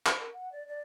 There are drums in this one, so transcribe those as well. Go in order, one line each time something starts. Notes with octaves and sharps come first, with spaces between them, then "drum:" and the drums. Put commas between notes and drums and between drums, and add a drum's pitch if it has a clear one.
C5, drum: clap
A#4
F#5
D5
D5